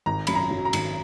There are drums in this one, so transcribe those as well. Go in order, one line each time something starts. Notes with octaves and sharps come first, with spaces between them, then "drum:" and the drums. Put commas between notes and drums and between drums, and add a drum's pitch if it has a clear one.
G#1 A#5
F#2 B5, drum: cymbal
A#5
F#3
A#5
G#1, drum: cymbal